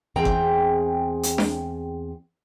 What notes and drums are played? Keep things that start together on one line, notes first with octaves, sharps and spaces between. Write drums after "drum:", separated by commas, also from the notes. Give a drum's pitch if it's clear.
E2 C4 G#4 G5 A#5
drum: kick G1
drum: hi-hat
drum: snare D4